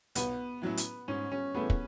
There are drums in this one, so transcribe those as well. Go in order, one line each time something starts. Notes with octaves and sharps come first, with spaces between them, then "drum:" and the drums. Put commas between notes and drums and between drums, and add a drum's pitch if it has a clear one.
B1 B3, drum: hi-hat
A2 F#3 C#4 E4
drum: hi-hat
G#2 C#4
C#4
E3 A3 B3 E4 G#4
drum: kick